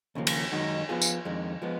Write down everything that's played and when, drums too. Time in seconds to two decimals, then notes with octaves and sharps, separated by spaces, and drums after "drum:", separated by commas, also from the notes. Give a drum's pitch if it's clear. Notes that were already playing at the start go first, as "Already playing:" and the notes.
0.15 D#2 C#3 F3 A#3
0.27 drum: cymbal
0.52 F#2 D#3 G#3 D#4 F#4
0.89 F3 B3 F4 G#4
1.02 drum: tambourine
1.25 F2 D#3 G#3
1.62 F3 G#3 B3